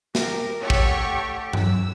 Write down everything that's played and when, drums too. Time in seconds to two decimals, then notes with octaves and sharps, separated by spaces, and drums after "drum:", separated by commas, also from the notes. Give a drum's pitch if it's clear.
0.15 G4 A#4, drum: snare
0.60 A3 G4 C#5 F#5 C#6
0.70 drum: kick
1.53 F#2 E6, drum: tom G2